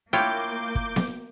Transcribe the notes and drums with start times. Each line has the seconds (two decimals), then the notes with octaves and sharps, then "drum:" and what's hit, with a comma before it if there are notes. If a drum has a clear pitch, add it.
0.13 A#3 E4 F4 C#5 G5 D6 G6
0.75 drum: kick
0.96 drum: snare B3